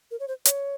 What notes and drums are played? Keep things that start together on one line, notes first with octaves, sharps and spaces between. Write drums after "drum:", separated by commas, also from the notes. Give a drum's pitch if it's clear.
A#4
C#5
C5
C#5, drum: hi-hat